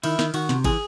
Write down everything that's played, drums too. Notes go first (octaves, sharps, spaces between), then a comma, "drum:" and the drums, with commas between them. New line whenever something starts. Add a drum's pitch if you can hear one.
D#3 E4, drum: cymbal
D#3, drum: snare
D#3 F#4, drum: cymbal
C3, drum: snare
E3 G#4, drum: kick, cymbal